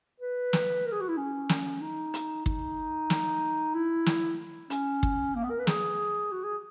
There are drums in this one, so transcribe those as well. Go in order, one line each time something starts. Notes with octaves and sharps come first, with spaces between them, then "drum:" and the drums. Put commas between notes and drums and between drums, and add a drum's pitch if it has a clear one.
B4
drum: snare
A#4
G#4
F#4
E4
C#4
drum: snare
D#4
drum: hi-hat
D#4, drum: kick
drum: snare
E4
drum: snare
C#4, drum: hi-hat
drum: kick
A#3
B3
A#4
B4
G#4, drum: snare
F#4
G#4